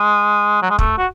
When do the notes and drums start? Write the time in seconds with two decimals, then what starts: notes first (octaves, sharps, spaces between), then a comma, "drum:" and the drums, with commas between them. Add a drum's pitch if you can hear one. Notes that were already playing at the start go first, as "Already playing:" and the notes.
Already playing: G#3
0.62 F#3
0.70 G#3
0.79 A3, drum: kick
0.98 F#4